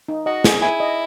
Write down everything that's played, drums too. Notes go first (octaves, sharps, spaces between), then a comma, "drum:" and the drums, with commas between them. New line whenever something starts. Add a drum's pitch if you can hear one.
D#4
F#4 D#5
G#4, drum: snare
E4 G#5
D#5